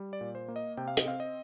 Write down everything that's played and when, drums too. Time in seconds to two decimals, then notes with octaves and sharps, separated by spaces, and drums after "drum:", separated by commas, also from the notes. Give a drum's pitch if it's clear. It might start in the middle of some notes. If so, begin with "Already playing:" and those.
Already playing: G3
0.13 D5
0.21 A#2
0.35 C5
0.48 A#3
0.56 D#5
0.77 C3 G5
0.88 F5
0.97 D#5, drum: hi-hat
1.06 C4 F5
1.20 D#5